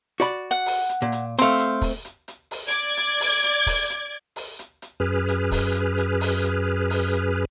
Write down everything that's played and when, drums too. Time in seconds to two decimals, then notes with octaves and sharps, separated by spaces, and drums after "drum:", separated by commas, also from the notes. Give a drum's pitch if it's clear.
0.20 F#4 D5 B5, drum: hi-hat
0.51 F#5
0.66 drum: open hi-hat
0.89 drum: hi-hat
1.02 A#2
1.12 drum: hi-hat
1.39 A3 C4 C5 F5
1.58 drum: hi-hat
1.82 drum: kick, open hi-hat
2.05 drum: hi-hat
2.28 drum: hi-hat
2.51 drum: open hi-hat
2.68 D5 G#6
2.97 drum: hi-hat
3.20 drum: open hi-hat
3.43 drum: hi-hat
3.67 drum: kick, open hi-hat
3.90 drum: hi-hat
4.36 drum: open hi-hat
4.59 drum: hi-hat
4.82 drum: hi-hat
5.00 F#2 G#4 B4 F6
5.28 drum: hi-hat
5.51 drum: kick, open hi-hat
5.75 drum: hi-hat
5.98 drum: hi-hat
6.21 drum: open hi-hat
6.44 drum: hi-hat
6.90 drum: open hi-hat
7.13 drum: hi-hat